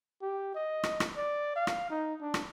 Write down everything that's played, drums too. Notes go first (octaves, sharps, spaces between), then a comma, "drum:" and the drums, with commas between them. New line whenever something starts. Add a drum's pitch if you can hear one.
G4
D#5
drum: rim click
drum: rim click
D5
F5
drum: rim click
D#4
D4
drum: rim click